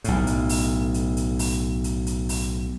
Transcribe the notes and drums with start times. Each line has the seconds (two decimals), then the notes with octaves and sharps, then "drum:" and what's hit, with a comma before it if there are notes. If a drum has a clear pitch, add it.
0.04 B1 A2, drum: hi-hat
0.27 drum: hi-hat
0.49 drum: open hi-hat
0.94 drum: hi-hat
1.17 drum: hi-hat
1.39 drum: open hi-hat
1.84 drum: hi-hat
2.07 drum: hi-hat
2.29 drum: open hi-hat